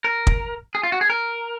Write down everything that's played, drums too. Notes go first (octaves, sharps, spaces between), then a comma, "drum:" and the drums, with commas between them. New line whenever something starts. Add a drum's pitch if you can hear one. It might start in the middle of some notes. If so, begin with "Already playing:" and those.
A#4
drum: kick
G#4
F4
F#4
G#4
A#4